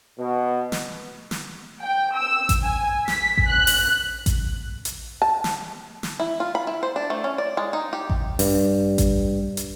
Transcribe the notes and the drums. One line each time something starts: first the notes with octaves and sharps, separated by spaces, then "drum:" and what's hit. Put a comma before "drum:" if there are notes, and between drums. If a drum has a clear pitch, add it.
B2
drum: snare
drum: snare
G5
E6
drum: kick A1, hi-hat
G#5
B6, drum: snare
drum: kick A1
F#6
drum: open hi-hat
drum: kick A1, hi-hat
drum: hi-hat
A5
drum: snare
drum: snare
E4
F4
B5
E4
C5
D4
A3
C#4
D5
G#3
D#4
G4
drum: kick A1
G2, drum: open hi-hat
drum: kick A1, hi-hat
drum: hi-hat